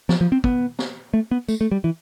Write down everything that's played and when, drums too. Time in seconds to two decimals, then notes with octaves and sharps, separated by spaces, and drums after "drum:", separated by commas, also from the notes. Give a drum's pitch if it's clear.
0.09 F3, drum: snare
0.21 F3
0.32 C4
0.44 B3, drum: kick
0.79 drum: snare
1.14 A3
1.31 B3
1.49 A3, drum: tambourine
1.61 A3
1.71 G3
1.84 E3